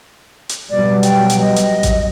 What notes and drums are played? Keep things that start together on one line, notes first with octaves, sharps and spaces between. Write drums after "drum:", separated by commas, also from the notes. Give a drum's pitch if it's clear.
drum: hi-hat
B2 F#3 G3 D5
G5, drum: hi-hat
drum: hi-hat
D#5
drum: hi-hat
drum: kick A1, hi-hat